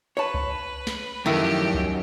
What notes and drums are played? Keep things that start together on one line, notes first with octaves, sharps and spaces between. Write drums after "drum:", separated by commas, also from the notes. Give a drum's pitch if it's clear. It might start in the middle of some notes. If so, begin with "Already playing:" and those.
B4 C#5 A5
drum: kick C#2
drum: snare
F#2 D#3 F3 A3 E4 G4
drum: kick C#2